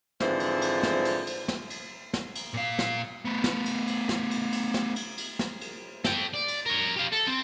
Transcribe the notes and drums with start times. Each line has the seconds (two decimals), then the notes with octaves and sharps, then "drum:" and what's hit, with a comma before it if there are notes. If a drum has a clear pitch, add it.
0.20 G#2 D3 E3 F3 C4 C5, drum: snare
0.40 drum: cymbal
0.61 drum: cymbal
0.83 drum: snare
1.05 drum: cymbal
1.27 drum: cymbal
1.48 drum: snare
1.70 drum: cymbal
2.14 drum: snare
2.35 drum: cymbal
2.54 A#2 F5
2.79 drum: snare
3.25 A3 B3
3.44 drum: snare
3.66 drum: cymbal
3.87 drum: cymbal
4.09 drum: snare
4.31 drum: cymbal
4.52 drum: cymbal
4.74 drum: snare
4.96 drum: cymbal
5.18 drum: cymbal
5.39 drum: snare
5.61 drum: cymbal
6.04 A4 G5, drum: snare
6.34 D5
6.48 drum: cymbal
6.66 A#4 C#5
6.96 G4 F5
7.12 A4, drum: cymbal
7.27 C4